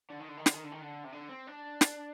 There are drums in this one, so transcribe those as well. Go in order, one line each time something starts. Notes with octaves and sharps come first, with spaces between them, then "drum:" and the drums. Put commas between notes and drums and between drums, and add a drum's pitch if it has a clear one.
D3
D#3
D3
D#3
D3, drum: snare
D#3
D3
D#3
D3
C3
D3
C4
D4
drum: snare